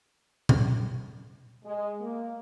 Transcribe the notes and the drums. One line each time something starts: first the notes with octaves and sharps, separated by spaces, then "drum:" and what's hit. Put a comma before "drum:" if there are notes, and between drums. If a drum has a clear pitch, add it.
drum: tom A#2
G#3
A#3